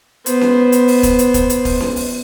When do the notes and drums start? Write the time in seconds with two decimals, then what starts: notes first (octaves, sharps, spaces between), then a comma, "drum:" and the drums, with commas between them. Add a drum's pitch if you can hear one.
0.26 B3 C5, drum: hi-hat
0.41 drum: snare C#4
0.72 drum: hi-hat
0.88 drum: open hi-hat
1.03 drum: kick, hi-hat
1.19 drum: hi-hat
1.34 drum: kick, hi-hat
1.50 drum: hi-hat
1.65 drum: kick, open hi-hat
1.81 drum: snare C#4
1.96 drum: open hi-hat